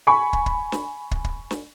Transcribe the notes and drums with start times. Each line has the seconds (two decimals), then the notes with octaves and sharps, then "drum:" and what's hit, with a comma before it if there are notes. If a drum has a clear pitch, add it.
0.07 G#5 B5 C#6
0.33 drum: kick
0.46 drum: kick
0.72 drum: snare
1.11 drum: kick
1.24 drum: kick
1.51 drum: snare